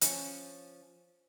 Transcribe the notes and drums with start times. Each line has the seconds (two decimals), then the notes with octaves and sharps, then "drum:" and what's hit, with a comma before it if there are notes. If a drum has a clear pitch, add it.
0.01 F3 C#4, drum: hi-hat